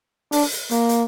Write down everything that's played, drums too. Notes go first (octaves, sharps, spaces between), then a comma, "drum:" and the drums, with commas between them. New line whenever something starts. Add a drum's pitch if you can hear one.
D4, drum: open hi-hat
drum: hi-hat
A#3, drum: hi-hat
drum: hi-hat